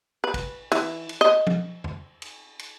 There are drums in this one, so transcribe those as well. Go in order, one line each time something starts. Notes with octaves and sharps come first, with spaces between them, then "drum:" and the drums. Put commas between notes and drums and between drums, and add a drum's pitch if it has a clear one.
B4
drum: kick, cymbal
E3, drum: cymbal
drum: cymbal
D#5
drum: tom
drum: tom
drum: cymbal
drum: cymbal